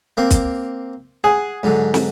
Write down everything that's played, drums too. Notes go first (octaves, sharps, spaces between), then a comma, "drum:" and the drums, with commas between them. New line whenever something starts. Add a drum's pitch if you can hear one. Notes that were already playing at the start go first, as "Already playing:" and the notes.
A#3 C4 D6
drum: kick, hi-hat
G#4 F#5
G#2 D3 F#3
drum: snare